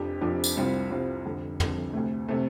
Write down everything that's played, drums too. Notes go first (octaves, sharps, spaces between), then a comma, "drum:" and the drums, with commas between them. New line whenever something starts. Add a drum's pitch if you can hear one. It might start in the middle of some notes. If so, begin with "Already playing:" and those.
Already playing: F1 F2 F3 D4 G4
F1 F2 F3 D4 G4
drum: tambourine
C2 C3 G3 C4 F4
C2 C3 G3 C4 F4
F1 F2 D3
F1 F2 D3, drum: tom
D2 C3 A3
C3 A3